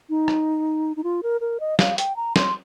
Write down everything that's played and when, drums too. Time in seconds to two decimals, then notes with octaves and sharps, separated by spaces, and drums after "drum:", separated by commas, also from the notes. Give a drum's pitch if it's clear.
0.10 D#4
0.28 drum: rim click
0.97 D#4
1.04 F4
1.23 A#4
1.41 A#4
1.60 D#5
1.79 F5, drum: snare
1.98 G5, drum: hi-hat
2.16 A#5
2.36 C6, drum: snare